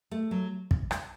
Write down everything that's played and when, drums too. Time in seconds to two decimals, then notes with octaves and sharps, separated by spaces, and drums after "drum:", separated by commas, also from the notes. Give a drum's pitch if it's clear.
0.11 A3
0.31 F#3
0.71 drum: kick
0.91 drum: rim click